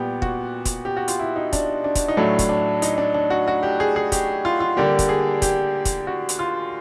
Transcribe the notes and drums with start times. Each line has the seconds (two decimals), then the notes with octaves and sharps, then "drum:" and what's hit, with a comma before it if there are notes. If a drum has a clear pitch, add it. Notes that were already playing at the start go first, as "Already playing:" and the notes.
Already playing: A#2 G3 B3 G4
0.22 F#4, drum: kick
0.65 drum: kick, hi-hat
0.85 G4
0.97 F#4
1.08 F4, drum: hi-hat
1.19 E4
1.36 D#4
1.53 D4, drum: kick, hi-hat
1.84 D4
1.95 drum: kick, hi-hat
2.08 D#4
2.17 A2 F#3 A3 D4
2.39 drum: kick, hi-hat
2.49 D4
2.82 D#4, drum: hi-hat
2.98 D4
3.14 D4
3.30 F#4
3.48 F#4
3.63 G4
3.80 G#4
3.96 G#4
4.12 G4, drum: kick, hi-hat
4.45 F4
4.60 F4
4.77 D3 G3 A#3 G4
4.99 drum: kick, hi-hat
5.09 G#4
5.42 G4, drum: kick, hi-hat
5.85 drum: kick, hi-hat
6.07 F#4
6.29 drum: hi-hat
6.39 F4